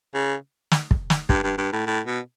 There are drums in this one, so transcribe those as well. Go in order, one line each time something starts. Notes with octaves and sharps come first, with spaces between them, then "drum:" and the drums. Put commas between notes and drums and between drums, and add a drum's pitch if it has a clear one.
C#3
drum: snare
drum: kick
drum: snare
G2, drum: kick
G2
G2
A2
A2
B2